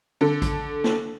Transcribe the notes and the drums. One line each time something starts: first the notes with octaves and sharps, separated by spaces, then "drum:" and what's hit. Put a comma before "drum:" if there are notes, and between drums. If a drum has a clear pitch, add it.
D3 A4
drum: kick A1, hi-hat
drum: snare